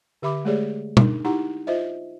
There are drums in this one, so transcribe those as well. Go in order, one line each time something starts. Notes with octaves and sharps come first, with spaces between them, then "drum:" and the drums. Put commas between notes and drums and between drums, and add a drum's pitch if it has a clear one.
D3 G4 E5 B5 D6
G#3 A3 G4 G#4 C#5 D5
D4 D#4 A#4, drum: tom B2
D#4 E4 G4 F#5 A#5
F4 C5 D#5 E5